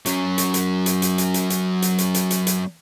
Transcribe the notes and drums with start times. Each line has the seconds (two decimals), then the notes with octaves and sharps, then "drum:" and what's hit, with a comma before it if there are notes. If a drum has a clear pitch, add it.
0.06 F#3 C#4, drum: hi-hat
0.38 drum: hi-hat
0.54 drum: hi-hat
0.86 drum: hi-hat
1.02 drum: hi-hat
1.18 drum: hi-hat
1.34 drum: hi-hat
1.50 drum: hi-hat
1.82 drum: hi-hat
1.98 drum: hi-hat
2.14 drum: hi-hat
2.31 drum: hi-hat
2.47 drum: hi-hat